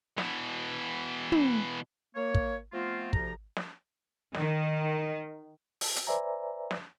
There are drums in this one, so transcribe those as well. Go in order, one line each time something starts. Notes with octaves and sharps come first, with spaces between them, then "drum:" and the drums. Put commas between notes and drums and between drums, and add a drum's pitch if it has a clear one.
B2 E3, drum: snare
drum: tom
A#3 C#5
drum: kick
F3 A3 B3 C4 F4
D2 C3 F3 A#5, drum: kick
drum: snare
D#3, drum: snare
drum: open hi-hat
drum: hi-hat
B4 C5 D5 E5 G#5 A#5
drum: snare